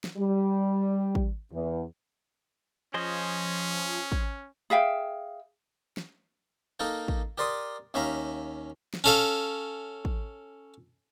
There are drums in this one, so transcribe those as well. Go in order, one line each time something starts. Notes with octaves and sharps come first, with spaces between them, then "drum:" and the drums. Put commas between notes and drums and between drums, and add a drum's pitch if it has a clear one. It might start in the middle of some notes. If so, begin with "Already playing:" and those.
drum: snare
G3
drum: kick
E2
F3 C#4 G#4 C5 D#5
drum: kick
G#4 E5 F5 G5
drum: snare
A#3 D#4 A4 A#4 G5
drum: kick
G4 A#4 D5 C6 D6 D#6
D#2 C#4 G4 E5 F5 A#5
drum: snare
C#4 A4 F5
drum: kick